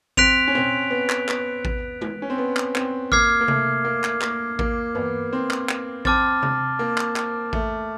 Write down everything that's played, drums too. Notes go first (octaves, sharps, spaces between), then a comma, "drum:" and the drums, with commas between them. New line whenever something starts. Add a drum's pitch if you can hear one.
C4 F#6 B6 D7 F7, drum: kick A1
C#4
C4, drum: tom A#2
B3
drum: clap
B3, drum: clap
drum: kick A1
drum: tom G#3
C#4
C4
B3
drum: clap
C4, drum: clap
A#3 D6 F6 G#6 C7, drum: kick A1
A#3
A3, drum: tom C3
A#3
drum: clap
A#3, drum: clap
A#3, drum: kick A1
B3, drum: tom G2
C4
drum: clap
drum: clap
C4 A5 D6 F6 A6, drum: kick A1
drum: tom C3
A#3
drum: clap
drum: clap
A3, drum: kick A1